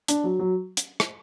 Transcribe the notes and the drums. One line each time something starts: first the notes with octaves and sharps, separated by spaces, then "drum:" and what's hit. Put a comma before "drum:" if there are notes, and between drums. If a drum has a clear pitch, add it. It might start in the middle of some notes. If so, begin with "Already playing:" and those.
D4, drum: hi-hat
F#3
F#3
drum: hi-hat
drum: rim click